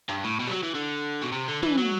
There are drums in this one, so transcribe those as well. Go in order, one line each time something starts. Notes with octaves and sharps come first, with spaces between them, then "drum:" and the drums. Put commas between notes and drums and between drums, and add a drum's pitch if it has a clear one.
G2
A2
B2
G3
F#3
E3
D3
B2
C3
D3
E3, drum: tom
F#3